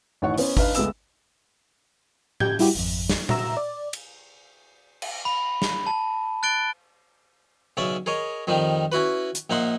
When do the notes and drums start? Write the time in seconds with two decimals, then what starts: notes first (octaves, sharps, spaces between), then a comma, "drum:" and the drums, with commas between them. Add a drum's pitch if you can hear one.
0.22 A1 D#3 C#5 F#5 C#6
0.38 B3 C#4 C5 C#5, drum: open hi-hat
0.57 D4 D#4 B4 F5, drum: kick G#1
0.75 C#2 G#3 A3 B3 E6 E7, drum: hi-hat
2.40 G4 G6 G#6, drum: tom A2
2.59 G3 E4 F#4 G4, drum: open hi-hat
2.75 G#1 F2, drum: open hi-hat
3.09 drum: snare
3.29 F#4 E5 A#5 E6, drum: tom
3.57 D5
3.93 drum: cymbal
5.02 drum: cymbal
5.25 B5
5.62 drum: snare
5.87 A5
6.43 F#6 A6 D7 G7
7.77 B1 C#3 C#4 D5 E5
8.06 G#4 A#4 C#5 D#5
8.47 F2 D#3 F3 G3 D#4
8.92 C#4 E4 F#4 B4
9.35 drum: hi-hat
9.50 A#1 A#3 D#4 E5 F#5 C6